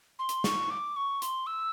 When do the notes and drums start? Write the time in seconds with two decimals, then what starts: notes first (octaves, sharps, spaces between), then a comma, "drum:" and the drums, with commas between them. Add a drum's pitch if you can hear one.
0.19 C6
0.29 drum: hi-hat
0.44 C#6, drum: snare
0.70 D6
0.96 C#6
1.22 C6, drum: hi-hat
1.47 E6